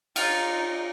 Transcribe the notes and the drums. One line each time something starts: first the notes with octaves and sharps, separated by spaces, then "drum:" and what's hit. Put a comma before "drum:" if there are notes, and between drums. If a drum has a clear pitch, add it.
D#4 F4, drum: cymbal